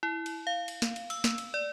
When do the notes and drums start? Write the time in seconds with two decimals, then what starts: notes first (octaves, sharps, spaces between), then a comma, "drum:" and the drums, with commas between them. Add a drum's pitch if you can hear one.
0.03 E4
0.26 drum: cymbal
0.47 F5
0.68 drum: cymbal
0.82 drum: snare
0.96 drum: cymbal
1.10 E6, drum: cymbal
1.24 drum: snare
1.38 drum: cymbal
1.54 D5